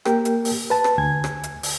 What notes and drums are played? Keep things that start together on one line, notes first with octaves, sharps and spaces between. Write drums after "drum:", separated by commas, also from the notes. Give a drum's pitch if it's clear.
A#3 G4 A#4 G5, drum: rim click
drum: hi-hat
drum: open hi-hat
B4 A5
drum: rim click
D2 G#5 G#6
drum: rim click
drum: hi-hat
drum: open hi-hat